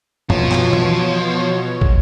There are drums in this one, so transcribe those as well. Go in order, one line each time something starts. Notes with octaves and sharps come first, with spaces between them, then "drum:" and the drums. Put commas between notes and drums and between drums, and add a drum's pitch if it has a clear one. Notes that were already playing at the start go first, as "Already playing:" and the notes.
B2 F3 C#5, drum: tom F#2
drum: clap
drum: tom
drum: kick